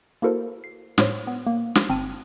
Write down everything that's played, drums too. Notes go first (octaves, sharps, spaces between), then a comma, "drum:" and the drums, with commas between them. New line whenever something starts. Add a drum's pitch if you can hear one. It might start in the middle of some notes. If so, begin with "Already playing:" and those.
A#3 E4 F#4 A4 A#4 C5
C7
A2 C5 C#5, drum: snare
B3
A#3
drum: snare
G1 C4 A5 F6 D#7